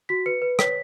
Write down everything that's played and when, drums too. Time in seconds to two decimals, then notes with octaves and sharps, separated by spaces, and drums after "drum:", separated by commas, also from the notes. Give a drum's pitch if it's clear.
0.09 F#4 B6
0.26 B4 C#7
0.42 B4
0.59 C#5 B6, drum: rim click